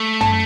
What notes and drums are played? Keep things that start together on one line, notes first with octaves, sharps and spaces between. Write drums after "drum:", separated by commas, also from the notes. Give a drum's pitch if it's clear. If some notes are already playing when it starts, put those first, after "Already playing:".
Already playing: A3
A5, drum: tom